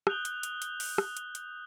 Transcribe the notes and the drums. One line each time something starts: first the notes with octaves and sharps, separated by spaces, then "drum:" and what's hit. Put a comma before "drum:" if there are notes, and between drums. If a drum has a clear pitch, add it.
D#6 F#6 G6 F7 G7, drum: rim click
drum: hi-hat
drum: hi-hat
drum: hi-hat
drum: open hi-hat
drum: rim click
drum: hi-hat
drum: hi-hat